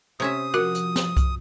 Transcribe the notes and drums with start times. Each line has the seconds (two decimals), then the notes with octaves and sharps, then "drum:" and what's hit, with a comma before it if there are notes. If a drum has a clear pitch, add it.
0.20 C3 C#4 C5 E5 D#6
0.54 F3 F#4 A#4 F#5
0.75 drum: hi-hat
0.96 drum: snare
1.17 drum: kick C2, hi-hat